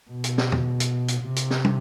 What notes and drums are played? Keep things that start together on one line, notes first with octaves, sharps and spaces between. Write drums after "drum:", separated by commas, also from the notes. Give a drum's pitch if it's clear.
B2
drum: hi-hat
drum: snare
drum: tom
drum: hi-hat
drum: hi-hat
C3
drum: hi-hat
drum: snare
drum: tom